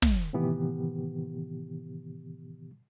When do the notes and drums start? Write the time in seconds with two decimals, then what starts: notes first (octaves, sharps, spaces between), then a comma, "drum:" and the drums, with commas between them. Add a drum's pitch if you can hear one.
0.02 drum: snare
0.33 A2 C3 D#3 E3 B3 G4